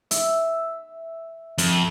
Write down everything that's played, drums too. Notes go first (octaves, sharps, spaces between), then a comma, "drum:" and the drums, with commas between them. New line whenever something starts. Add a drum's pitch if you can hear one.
E5, drum: hi-hat
F2, drum: hi-hat